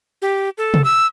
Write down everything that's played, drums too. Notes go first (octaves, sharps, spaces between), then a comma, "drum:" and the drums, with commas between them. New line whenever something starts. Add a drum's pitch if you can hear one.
G4
A4
drum: tom
E6